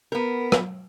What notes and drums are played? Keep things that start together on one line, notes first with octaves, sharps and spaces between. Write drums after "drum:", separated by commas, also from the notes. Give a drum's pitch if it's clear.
B3 A#4
drum: rim click